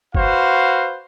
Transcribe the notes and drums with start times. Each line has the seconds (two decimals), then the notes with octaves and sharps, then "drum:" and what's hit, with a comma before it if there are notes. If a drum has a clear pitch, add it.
0.14 F#4 B4 C5 F5, drum: kick F#1